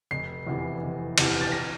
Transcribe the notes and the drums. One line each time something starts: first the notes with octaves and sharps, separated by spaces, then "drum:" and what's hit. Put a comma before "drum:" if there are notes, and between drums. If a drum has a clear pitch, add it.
F1 C7
E2 C3 E3
F1
E2 C3 E3, drum: cymbal
A6
A#6